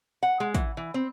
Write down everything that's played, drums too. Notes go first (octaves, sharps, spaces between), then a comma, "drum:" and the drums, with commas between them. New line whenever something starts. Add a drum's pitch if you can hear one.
F#5
G#3
E3, drum: kick, hi-hat
E3
C4